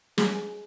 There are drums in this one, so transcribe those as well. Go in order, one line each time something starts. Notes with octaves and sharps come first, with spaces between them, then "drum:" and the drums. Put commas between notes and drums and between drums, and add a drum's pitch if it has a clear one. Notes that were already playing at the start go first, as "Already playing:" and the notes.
G#4, drum: snare